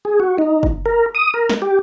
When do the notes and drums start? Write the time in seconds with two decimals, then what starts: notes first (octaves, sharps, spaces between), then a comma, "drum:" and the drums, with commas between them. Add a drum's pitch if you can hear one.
0.05 G#4
0.20 F#4
0.38 D#4
0.63 drum: kick
0.86 A#4
1.15 D#6
1.34 A#4
1.50 drum: snare
1.62 G4